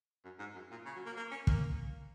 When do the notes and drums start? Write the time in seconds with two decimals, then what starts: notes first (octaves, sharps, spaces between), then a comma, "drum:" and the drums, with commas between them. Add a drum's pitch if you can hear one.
0.24 F#2
0.39 G#2
0.54 F#2
0.71 A#2
0.86 C#3
0.96 F#3
1.06 A#3
1.16 A#3
1.31 C#4
1.47 A#3, drum: kick